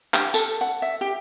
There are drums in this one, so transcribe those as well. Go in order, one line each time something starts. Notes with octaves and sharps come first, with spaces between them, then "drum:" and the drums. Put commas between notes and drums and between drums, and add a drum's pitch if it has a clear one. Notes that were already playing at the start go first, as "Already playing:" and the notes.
G4, drum: clap
A4, drum: tambourine
F#5
E5
G4